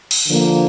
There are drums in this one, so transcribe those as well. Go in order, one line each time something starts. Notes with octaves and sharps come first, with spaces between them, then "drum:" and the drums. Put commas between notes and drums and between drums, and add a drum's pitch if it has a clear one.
drum: cymbal
D3 F3 A#3